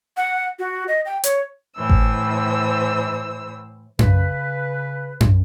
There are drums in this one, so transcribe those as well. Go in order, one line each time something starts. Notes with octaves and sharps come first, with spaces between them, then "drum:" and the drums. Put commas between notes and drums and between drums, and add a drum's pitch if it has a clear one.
F#5
F#4
D#5
G5
C#5, drum: hi-hat
A2 E3 C5 E6
drum: kick G#1
C#3 B4, drum: tom F#2
drum: tom F#2